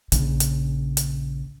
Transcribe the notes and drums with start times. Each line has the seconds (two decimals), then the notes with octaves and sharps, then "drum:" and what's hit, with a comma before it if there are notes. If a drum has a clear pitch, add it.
0.12 A#1 C#3, drum: hi-hat
0.40 drum: hi-hat
0.97 drum: hi-hat